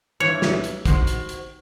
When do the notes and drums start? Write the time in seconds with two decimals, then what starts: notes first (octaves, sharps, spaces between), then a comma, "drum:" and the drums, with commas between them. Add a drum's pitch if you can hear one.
0.20 G2 E3 C#5
0.42 drum: snare
0.64 drum: hi-hat
0.85 D#3 F#4 C5, drum: kick, hi-hat
1.07 drum: hi-hat
1.29 drum: hi-hat